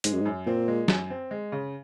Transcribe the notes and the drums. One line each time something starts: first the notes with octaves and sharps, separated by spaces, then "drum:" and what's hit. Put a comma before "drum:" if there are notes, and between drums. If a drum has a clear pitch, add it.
G#2 G#3, drum: hi-hat
F#2
G#2
F#2
A#2 C4
G#3
F#2, drum: snare
C4
G#3
C#3